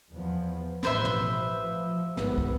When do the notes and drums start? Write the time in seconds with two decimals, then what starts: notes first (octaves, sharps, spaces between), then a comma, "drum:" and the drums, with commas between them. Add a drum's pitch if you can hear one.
0.13 E2 F3 B3
0.83 A1 F3 B4 C5 E5, drum: snare
1.05 drum: tom
1.58 F3
2.17 G#1 B3, drum: snare
2.38 drum: kick